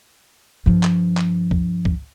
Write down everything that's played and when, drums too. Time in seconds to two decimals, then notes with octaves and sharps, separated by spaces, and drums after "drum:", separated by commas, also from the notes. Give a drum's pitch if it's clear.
0.66 G2 F3
0.83 drum: clap
1.17 drum: clap
1.51 drum: kick
1.85 drum: kick